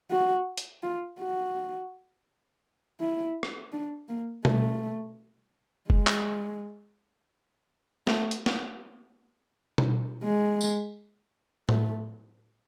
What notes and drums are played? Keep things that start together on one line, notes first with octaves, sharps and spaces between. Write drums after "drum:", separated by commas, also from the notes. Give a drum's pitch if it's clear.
F#4
drum: hi-hat
F4
F#4
E4
drum: rim click
D4
A#3
A3, drum: tom B2
G#3, drum: kick F#1
drum: clap
A3, drum: snare
drum: hi-hat
drum: snare
drum: tom B2
G#3
drum: tambourine
A3, drum: tom A2